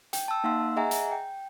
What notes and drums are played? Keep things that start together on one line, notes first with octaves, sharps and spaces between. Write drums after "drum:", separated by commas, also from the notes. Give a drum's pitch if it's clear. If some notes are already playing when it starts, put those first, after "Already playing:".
G5, drum: hi-hat
A5 E6
A#3 D#4 F5 F#5 C6 E6
G#4 D#5 E5 F#5 G#5 A#5
drum: hi-hat
G5